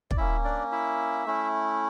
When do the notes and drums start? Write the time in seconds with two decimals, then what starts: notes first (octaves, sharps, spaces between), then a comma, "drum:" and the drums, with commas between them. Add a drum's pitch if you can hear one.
0.11 D5, drum: kick
0.17 A#3 C#4 E4 E5
0.44 D4 D5
0.72 E4 E5
1.26 A3 C#4 E4